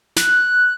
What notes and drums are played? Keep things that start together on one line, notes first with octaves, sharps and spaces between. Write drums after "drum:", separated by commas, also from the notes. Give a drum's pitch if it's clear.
F#6, drum: snare